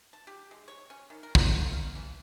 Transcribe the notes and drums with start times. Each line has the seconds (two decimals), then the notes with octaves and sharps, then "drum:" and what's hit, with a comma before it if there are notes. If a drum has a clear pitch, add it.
0.13 A5
0.27 G4
0.51 G#3
0.68 C#5
0.90 C#4
1.10 D#3
1.23 A#4
1.35 A#5, drum: kick
1.49 A4
1.61 F4
1.73 F5
1.95 E3